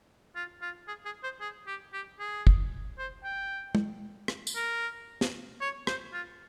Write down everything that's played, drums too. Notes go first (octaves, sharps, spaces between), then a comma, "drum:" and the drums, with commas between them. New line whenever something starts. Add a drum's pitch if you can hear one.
F4
F4
G#4
G#4
C5
G#4
G4
G4
G#4
drum: kick
C5
G5
drum: tom
drum: rim click
drum: tambourine
A#4
drum: snare
C#5
C5, drum: rim click
F4